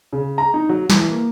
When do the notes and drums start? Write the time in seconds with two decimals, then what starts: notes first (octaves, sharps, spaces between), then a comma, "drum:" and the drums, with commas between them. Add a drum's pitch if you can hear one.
0.13 C#3
0.38 A#5
0.54 D#4
0.69 F#3
0.90 E3, drum: snare
1.09 A#3